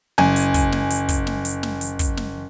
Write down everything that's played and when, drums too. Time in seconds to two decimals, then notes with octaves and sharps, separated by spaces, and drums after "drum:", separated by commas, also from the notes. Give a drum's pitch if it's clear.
0.18 F#1 G#5, drum: snare
0.36 drum: hi-hat
0.54 drum: kick, hi-hat
0.72 drum: snare
0.90 drum: hi-hat
1.09 drum: kick, hi-hat
1.27 drum: snare
1.45 drum: hi-hat
1.63 drum: snare
1.81 drum: hi-hat
1.99 drum: kick, hi-hat
2.17 drum: snare